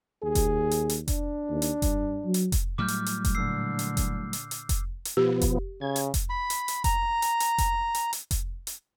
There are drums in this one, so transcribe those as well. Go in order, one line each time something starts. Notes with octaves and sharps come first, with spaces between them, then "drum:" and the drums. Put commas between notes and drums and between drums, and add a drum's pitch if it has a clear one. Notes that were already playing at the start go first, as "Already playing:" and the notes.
D#2 G#4
drum: kick F1, hi-hat
drum: hi-hat
drum: hi-hat
D4, drum: kick F1, hi-hat
D#2
drum: hi-hat
G2, drum: kick F1, hi-hat
F#3
drum: hi-hat
drum: kick F1, hi-hat
A2 F#3 G3 D6 F6 G6
drum: hi-hat
drum: hi-hat
drum: kick F1, hi-hat
A#2 D3 E6 C7
drum: hi-hat
drum: kick F1, hi-hat
drum: hi-hat
drum: hi-hat
drum: kick F1, hi-hat
drum: hi-hat
B2 F3 B3 G4
drum: kick F1, hi-hat
C#3 G#6
drum: hi-hat
drum: kick F1, hi-hat
B5
drum: hi-hat
drum: hi-hat
A#5, drum: kick F1, hi-hat
drum: hi-hat
drum: hi-hat
drum: kick F1, hi-hat
drum: hi-hat
drum: hi-hat
drum: kick F1, hi-hat
drum: hi-hat